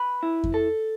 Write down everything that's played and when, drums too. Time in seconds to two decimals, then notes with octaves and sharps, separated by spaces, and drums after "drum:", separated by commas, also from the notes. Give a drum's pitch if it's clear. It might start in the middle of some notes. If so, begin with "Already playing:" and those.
Already playing: B4
0.23 E4
0.44 drum: kick F2
0.54 A4